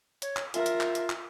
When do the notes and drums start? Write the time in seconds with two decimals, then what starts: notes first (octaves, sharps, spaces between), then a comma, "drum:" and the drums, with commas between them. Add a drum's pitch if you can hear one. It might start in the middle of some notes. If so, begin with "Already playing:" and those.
0.22 C#5, drum: hi-hat
0.37 drum: clap
0.54 F4 A#4 E5, drum: hi-hat
0.66 drum: hi-hat
0.81 drum: clap
0.95 drum: hi-hat
1.10 drum: clap